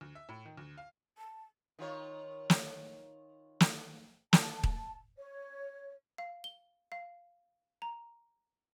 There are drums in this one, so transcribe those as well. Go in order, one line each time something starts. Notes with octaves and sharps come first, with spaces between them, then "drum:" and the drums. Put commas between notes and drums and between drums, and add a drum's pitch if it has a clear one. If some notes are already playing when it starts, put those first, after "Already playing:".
D2
E5
A2
D#3
D2
F5
A5
D#3 F4 C#5
drum: snare
drum: snare
A5, drum: snare
drum: kick D#1
C#5
F5
G7
F5
A#5